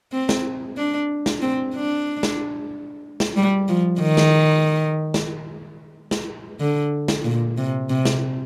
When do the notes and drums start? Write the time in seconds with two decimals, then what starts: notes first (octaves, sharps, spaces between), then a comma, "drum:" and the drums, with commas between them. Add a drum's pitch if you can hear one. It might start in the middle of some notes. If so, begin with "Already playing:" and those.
0.12 C4
0.29 drum: snare
0.77 D4
1.26 drum: snare
1.42 C4
1.75 D4
2.23 drum: snare
3.20 drum: snare
3.36 G3
3.68 F3
4.01 D#3
4.17 drum: snare
5.14 drum: snare
6.11 drum: snare
6.60 D3
7.08 drum: snare
7.24 A#2
7.57 C3
7.90 C3
8.05 drum: snare